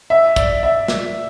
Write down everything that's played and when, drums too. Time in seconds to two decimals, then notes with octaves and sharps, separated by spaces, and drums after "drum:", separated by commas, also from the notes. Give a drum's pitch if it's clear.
0.10 E5
0.36 D5, drum: kick, hi-hat
0.63 E5
0.88 drum: snare